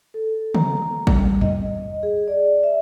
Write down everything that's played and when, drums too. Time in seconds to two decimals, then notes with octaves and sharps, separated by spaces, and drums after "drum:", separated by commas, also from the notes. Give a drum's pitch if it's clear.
0.14 A4
0.55 A#5, drum: tom C#3
1.07 G3, drum: kick
1.41 D#5, drum: tom E2
1.66 D#5
2.03 G#4
2.28 D5
2.63 E5